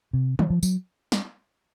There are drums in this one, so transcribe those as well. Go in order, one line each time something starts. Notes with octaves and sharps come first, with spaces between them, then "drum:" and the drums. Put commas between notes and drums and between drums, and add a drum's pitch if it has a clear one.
C3
E3, drum: tom E3
F3
F#3, drum: tambourine
drum: snare